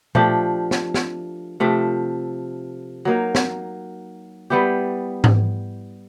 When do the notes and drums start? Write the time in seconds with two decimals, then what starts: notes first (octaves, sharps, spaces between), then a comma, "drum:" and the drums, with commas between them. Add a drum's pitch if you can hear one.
0.15 F3 A3 D4 G4, drum: tom A#2
0.71 drum: snare
0.94 drum: snare
1.60 C3 F3 A3 C4
3.05 F#3 A#3 D#4
3.35 drum: snare
4.50 G3 B3 E4 G4
5.24 drum: tom G#2